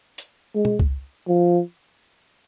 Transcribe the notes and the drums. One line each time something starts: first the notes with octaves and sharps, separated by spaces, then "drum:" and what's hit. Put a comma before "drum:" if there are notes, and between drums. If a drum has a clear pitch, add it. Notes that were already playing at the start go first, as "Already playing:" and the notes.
drum: hi-hat
G#3
drum: tom B2
drum: kick C#2
F3